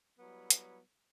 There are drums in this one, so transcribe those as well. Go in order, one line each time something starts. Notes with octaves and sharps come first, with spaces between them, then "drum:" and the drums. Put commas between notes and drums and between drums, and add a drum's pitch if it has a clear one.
F#3 G3 B3 E4
drum: hi-hat